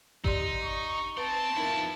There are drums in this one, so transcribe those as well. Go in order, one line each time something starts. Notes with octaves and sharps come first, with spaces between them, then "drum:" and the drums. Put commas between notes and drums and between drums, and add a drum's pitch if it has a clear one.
D#4 G4 D5 C6, drum: kick G#1
C#6
C4 B4 A5 C6
F2 D#4 E4 A#4